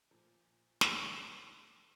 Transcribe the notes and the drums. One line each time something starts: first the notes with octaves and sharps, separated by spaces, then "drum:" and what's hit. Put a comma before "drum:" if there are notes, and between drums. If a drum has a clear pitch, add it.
A#2 F3
A#2 F3, drum: snare